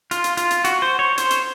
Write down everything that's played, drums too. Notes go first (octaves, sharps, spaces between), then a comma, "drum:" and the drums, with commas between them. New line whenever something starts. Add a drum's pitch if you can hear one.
F4, drum: hi-hat
drum: hi-hat
F4, drum: hi-hat
drum: hi-hat
F#4, drum: hi-hat
C5
C#5
C5, drum: hi-hat
drum: hi-hat